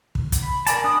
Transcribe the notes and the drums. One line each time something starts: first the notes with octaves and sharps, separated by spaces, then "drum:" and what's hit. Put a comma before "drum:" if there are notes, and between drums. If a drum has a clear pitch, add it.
drum: kick
drum: kick, hi-hat
B5
A#4 D5 G#5 A5, drum: hi-hat
D4 D#6